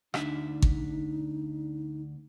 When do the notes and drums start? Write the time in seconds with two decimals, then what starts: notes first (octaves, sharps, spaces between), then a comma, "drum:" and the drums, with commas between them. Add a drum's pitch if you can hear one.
0.14 D2 D4 D#4 E5, drum: rim click
0.62 drum: kick G#1